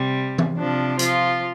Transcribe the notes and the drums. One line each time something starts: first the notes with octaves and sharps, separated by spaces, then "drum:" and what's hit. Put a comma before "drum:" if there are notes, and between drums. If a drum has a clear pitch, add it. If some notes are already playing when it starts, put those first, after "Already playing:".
Already playing: C3 G3
drum: tom E3
C3 F3 D4
F3 F4, drum: hi-hat